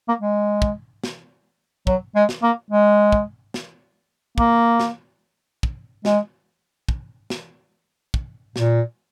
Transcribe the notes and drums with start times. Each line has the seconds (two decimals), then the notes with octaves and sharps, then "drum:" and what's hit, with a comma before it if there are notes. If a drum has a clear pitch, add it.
0.08 A#3
0.20 G#3
0.62 drum: kick
1.04 drum: snare
1.87 F#3, drum: kick
2.15 G#3
2.29 drum: snare
2.43 A#3
2.70 G#3
3.12 drum: kick
3.54 drum: snare
4.38 A#3, drum: kick
4.80 drum: snare
5.63 drum: kick
6.05 G#3, drum: snare
6.89 drum: kick
7.30 drum: snare
8.14 drum: kick
8.56 A#2, drum: snare